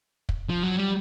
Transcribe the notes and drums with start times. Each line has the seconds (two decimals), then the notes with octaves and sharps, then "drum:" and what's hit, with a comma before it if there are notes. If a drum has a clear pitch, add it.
0.29 drum: kick
0.50 F3
0.63 F#3
0.76 G3